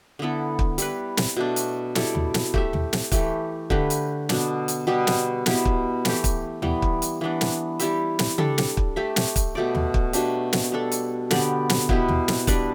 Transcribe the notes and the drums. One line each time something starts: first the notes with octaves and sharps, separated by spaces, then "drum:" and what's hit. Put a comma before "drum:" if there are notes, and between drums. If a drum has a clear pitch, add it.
D3 B3 E4 A4
drum: kick
G3 E4 B4, drum: hi-hat
drum: snare
B2 A3 D4
drum: hi-hat
G3 E4 A4 D5, drum: snare
drum: tom
drum: snare
A3 G4 E5, drum: kick
drum: tom
drum: snare
E3 A3 G4, drum: kick, hi-hat
D3 A3 G4 B4, drum: kick
drum: hi-hat
B2 B3 D4, drum: snare
drum: hi-hat
B2 G3 B3 G4
drum: snare
B2 B3 E4 G4, drum: snare
drum: kick
E3 A3 G4, drum: snare
drum: kick, hi-hat
E3 G3 B3, drum: tom
drum: kick
drum: hi-hat
E3 B3 D4
drum: snare
G3 E4 G4 E5, drum: hi-hat
drum: snare
G3 D4 A4, drum: tom C#3
drum: snare
drum: kick
A3 G4 E5
drum: snare
drum: kick, hi-hat
B2 A3 G4 D5
drum: tom
drum: kick
B2 A3 D4 G4, drum: hi-hat
drum: snare
G3 D4 A4
drum: hi-hat
D3 B3 G4 D5, drum: snare
drum: snare
B2 B3 E4 G4, drum: kick
drum: tom
drum: snare
G3 D4 B4 D5, drum: kick, hi-hat